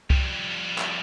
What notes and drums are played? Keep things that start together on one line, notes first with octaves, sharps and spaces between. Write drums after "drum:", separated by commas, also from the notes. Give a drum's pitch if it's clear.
F2 G3, drum: kick C2
drum: clap